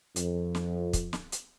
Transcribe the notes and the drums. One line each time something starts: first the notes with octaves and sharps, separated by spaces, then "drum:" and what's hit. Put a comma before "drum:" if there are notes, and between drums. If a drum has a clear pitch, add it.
F2, drum: hi-hat
drum: snare
drum: kick, hi-hat
drum: snare
drum: hi-hat